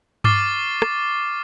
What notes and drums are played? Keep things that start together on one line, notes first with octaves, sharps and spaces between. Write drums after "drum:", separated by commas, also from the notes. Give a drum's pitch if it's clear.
C#6 D6 F6 A6 C7, drum: tom G2
drum: rim click